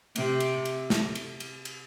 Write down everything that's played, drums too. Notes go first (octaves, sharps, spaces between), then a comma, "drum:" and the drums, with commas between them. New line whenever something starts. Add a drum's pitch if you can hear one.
C3, drum: cymbal
drum: cymbal
drum: cymbal
drum: snare
drum: cymbal
drum: cymbal
drum: cymbal